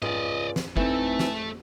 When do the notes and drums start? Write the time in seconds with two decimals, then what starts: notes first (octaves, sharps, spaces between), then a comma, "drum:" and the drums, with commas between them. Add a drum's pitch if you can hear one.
0.02 C#2 D5 D#5, drum: tom G#2
0.56 drum: snare
0.77 E3 A3 C4 D#4 A4, drum: kick
1.19 drum: snare